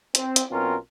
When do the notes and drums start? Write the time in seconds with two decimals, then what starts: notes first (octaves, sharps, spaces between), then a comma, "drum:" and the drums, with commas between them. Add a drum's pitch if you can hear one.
0.15 C4, drum: hi-hat
0.36 drum: hi-hat
0.51 B1 B2 C4 C#4 F4 A#4